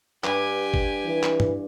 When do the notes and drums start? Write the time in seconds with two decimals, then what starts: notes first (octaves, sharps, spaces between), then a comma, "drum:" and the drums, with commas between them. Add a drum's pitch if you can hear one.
0.24 G2 G4 G#5, drum: clap
0.74 drum: kick
1.06 E3
1.23 drum: clap
1.40 drum: tom G2